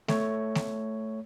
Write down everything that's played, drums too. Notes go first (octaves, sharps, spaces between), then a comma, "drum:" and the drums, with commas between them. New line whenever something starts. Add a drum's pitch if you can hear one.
A3 C#5, drum: snare A3
drum: snare A3